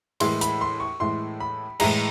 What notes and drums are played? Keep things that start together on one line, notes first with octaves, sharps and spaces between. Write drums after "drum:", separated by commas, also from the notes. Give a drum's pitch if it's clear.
A2 E3 G#3 C6, drum: cymbal
B5, drum: hi-hat
C6
C#6
A2 E3 G#3 C6
B5
A2 E3 G#3 A#5, drum: cymbal